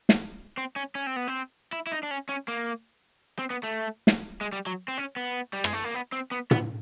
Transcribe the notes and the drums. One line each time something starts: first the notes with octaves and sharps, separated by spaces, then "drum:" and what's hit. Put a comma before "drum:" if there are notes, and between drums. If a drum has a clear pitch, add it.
drum: snare
C4
C#4
C#4
C4
B3
C4
E4
E4
D#4
D4
C#4
C#4
A#3
C4
B3
A3
drum: snare
G#3
G3
F#3
C4
C#4
B3
G3
G#3, drum: rim click
A3
A#3
B3
C4
B3
B3, drum: tom